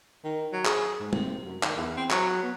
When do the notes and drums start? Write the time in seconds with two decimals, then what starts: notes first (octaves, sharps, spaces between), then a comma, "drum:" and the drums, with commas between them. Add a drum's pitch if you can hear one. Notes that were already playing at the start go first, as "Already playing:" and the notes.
0.24 D#3
0.52 F#3
0.65 G#4, drum: clap
1.00 G#2
1.13 C3, drum: tom
1.44 F#2
1.63 D#3, drum: clap
1.76 E2
1.97 C4
2.11 F#3, drum: clap
2.43 B3